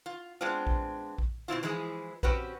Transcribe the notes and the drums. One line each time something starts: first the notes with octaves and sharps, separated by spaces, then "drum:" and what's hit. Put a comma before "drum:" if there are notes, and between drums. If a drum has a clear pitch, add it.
F4
G#3 B3 C4 D4 F4
drum: kick A#1
drum: kick A#1
B2 C4 E4 F4
E3 F3 G#3 E4 G#4
C4 C#4 F#4 G4 B4, drum: kick A#1